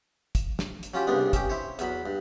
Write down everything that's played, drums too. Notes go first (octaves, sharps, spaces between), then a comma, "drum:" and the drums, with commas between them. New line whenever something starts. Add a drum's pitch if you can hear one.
drum: kick, hi-hat
drum: snare
drum: hi-hat
F#3 C#4 F4 G4
C2 G2 C#3 B3 D4
C#4 G4, drum: kick, hi-hat
E4 C5 C#5
E2 F#3 B5, drum: hi-hat
G2